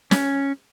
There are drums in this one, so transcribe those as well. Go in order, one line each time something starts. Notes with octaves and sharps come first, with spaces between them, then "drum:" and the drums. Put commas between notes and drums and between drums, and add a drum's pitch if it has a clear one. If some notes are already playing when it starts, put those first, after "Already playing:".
C#4, drum: snare